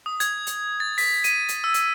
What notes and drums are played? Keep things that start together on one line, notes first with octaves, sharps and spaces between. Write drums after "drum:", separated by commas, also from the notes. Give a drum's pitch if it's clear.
D#6
G#6, drum: hi-hat
drum: hi-hat
A6
B6, drum: open hi-hat
D#7, drum: hi-hat
drum: hi-hat
E6
drum: hi-hat